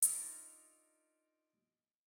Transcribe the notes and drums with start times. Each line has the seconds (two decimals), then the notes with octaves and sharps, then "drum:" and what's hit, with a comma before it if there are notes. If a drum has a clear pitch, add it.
0.02 D4 D#4 F4 A#4 D#5 E5, drum: hi-hat